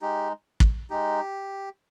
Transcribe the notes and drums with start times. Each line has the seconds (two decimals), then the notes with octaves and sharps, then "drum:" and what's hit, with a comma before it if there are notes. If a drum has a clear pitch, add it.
0.02 G#3 D#4 G4
0.60 drum: kick
0.90 G#3 D#4 G4